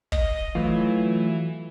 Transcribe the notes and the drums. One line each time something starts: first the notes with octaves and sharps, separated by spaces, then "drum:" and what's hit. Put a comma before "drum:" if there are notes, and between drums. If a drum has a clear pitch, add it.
D#5, drum: kick
E3 F#3 A3 F4